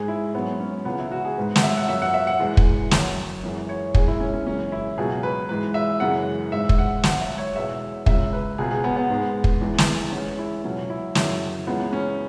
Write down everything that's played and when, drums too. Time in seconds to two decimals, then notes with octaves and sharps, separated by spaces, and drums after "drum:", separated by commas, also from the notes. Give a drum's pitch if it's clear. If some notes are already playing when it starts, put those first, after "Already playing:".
Already playing: G#2 G#3 G#4
0.08 E4
0.34 G#2 F#3 B3
0.60 C#4
0.85 C#2 C#3 E3 B3
0.99 E4
1.12 F#4
1.25 G#4
1.37 G#2 G#3 B4
1.56 F#5, drum: snare
1.63 E5
1.77 F#5
1.89 F#2 F#3 E5
2.02 F#5
2.14 E5
2.27 F#5
2.40 E2 E3 G#3
2.57 drum: kick
2.91 F#2 F#3, drum: snare
3.43 F#2 E3 G#3
3.69 C#5
3.95 F#2 E3 G#3 G#4, drum: kick
4.08 E4
4.20 C#4
4.34 C#4
4.46 F#2 C#3 E3 G#3 C#4
4.72 E4
4.97 C#2 B2 F#3 G#4
5.23 B4
5.49 G#2 E3 G#3 B4
5.74 E5
6.00 F#2 C#3 E3 G#3 F#5
6.52 G#2 G#3 E5
6.69 drum: kick
6.78 F#5
7.03 G#2 F#3 F#5, drum: snare
7.21 E5
7.38 C#5
7.55 E2 B2 G#3 E5
8.06 C#2 C#3 G#3 E5, drum: kick
8.33 B4
8.58 C#2 B2 G#3 G#4
8.71 G#4
8.84 B3
8.96 B3
9.10 G#2 G#3
9.44 drum: kick
9.61 E2 E3 G#3
9.78 drum: snare
10.12 E2 E3 G#3 C#4
10.39 E4
10.64 C#2 B2 F#3 C#4
10.90 E4
11.15 F#2 C#3 F#3 E4, drum: snare
11.67 C#2 C#3 E3 G#3 B3
11.93 C#4